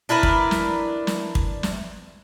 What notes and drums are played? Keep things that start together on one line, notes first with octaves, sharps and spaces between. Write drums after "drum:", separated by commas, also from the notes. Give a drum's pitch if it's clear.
D4 E4 A#4 B4
drum: kick
drum: snare
drum: snare
drum: kick
drum: snare